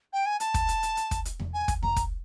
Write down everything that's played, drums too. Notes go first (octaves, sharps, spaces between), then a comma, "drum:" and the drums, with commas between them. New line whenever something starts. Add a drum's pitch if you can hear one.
G5
G#5
A5, drum: hi-hat
drum: kick, hi-hat
drum: hi-hat
drum: hi-hat
drum: hi-hat
drum: kick, hi-hat
drum: hi-hat
drum: tom E2
G#5
drum: kick, hi-hat
A#5, drum: tom E2
drum: kick, hi-hat